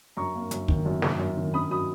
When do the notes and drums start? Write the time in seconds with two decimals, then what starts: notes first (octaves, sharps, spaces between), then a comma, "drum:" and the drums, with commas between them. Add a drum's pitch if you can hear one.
0.17 F#2 A#5 C#6
0.34 A#3
0.51 F#2, drum: hi-hat
0.68 D#3, drum: kick
0.86 F#2
1.02 A#3, drum: snare
1.19 F#2
1.37 D#3
1.54 C#4 B5 D#6
1.70 F#3 B5 D#6